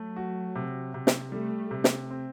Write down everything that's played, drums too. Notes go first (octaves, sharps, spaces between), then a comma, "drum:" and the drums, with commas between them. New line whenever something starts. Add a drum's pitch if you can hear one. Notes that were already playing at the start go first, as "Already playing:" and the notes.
Already playing: F#3 A3
F#4
C3
C3
drum: snare
G3 A3
C3
drum: snare
C4